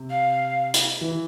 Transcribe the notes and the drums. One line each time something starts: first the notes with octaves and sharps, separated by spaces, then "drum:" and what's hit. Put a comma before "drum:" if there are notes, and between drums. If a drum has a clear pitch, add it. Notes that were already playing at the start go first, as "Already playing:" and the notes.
Already playing: C3
F5
drum: hi-hat
E3